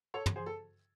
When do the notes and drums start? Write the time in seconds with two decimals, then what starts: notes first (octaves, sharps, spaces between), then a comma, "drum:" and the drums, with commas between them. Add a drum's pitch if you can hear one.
0.14 A4 C#5
0.26 drum: tom
0.36 G#4 C5
0.46 A4